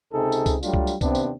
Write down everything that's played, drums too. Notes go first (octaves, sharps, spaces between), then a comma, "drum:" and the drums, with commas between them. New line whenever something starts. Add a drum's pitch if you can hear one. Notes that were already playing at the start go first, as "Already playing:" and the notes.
C#2 C3 D#4 G#4 A4
drum: tambourine
drum: kick C2, tambourine
F#3 G3 A3 D4 F4, drum: tambourine
drum: kick C2
drum: tambourine
D#2 C3 B3 C4 D4, drum: kick C2, tambourine
drum: tambourine